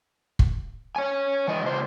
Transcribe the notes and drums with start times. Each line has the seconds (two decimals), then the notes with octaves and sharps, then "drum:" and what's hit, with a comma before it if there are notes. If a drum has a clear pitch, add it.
0.39 drum: kick
0.96 C#5 G#5
1.48 E3 D#5
1.64 C#2 C5